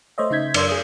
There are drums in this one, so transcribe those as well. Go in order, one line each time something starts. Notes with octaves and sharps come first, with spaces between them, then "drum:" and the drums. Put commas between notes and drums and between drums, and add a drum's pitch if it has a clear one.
A3 C5 C#5 D#5 E5
C#3 D#4 E5 G6 G#6 B6
F#2 D4 D5 C6 E6 G#6, drum: cymbal
G#4 D#6